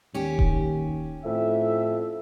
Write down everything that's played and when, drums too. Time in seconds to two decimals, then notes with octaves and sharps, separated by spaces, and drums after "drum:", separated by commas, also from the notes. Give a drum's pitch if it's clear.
0.14 D#2 C#4 G4
0.39 drum: kick D#1
1.25 F2 A2 E5